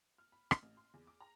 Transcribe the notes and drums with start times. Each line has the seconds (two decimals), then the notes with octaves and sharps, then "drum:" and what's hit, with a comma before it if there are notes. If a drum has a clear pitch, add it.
0.18 F6
0.32 B5
0.51 F6, drum: rim click
0.62 A1
0.77 C6
0.94 E2
1.07 D6
1.20 A#5